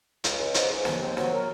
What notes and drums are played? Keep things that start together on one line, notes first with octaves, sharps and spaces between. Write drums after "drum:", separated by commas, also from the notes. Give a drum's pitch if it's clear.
C#2, drum: hi-hat
C#2
G#2, drum: hi-hat
G#2
D#2, drum: snare
C4
F#3, drum: snare
A#4